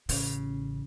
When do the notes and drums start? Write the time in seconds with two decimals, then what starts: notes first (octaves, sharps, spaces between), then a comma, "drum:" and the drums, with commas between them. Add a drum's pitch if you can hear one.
0.09 A1 C#3, drum: open hi-hat